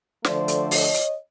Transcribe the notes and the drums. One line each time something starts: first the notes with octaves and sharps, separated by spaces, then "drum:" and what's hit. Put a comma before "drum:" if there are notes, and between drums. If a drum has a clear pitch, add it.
D3 F3 A3 C5 D5, drum: snare
drum: hi-hat
C#5 D#5, drum: open hi-hat
drum: hi-hat